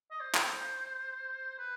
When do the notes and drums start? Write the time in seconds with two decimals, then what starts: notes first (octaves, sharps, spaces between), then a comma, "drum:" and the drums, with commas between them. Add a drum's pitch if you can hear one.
0.11 D#5
0.20 C5
0.35 drum: clap
1.58 B4